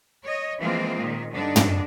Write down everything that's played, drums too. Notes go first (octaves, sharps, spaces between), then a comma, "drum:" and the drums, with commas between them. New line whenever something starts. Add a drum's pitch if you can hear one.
C#5 D#5
E3 F3 G#3 A#3 C4 F4
A#2 D#3
G2 D3 D4 D#4
drum: tom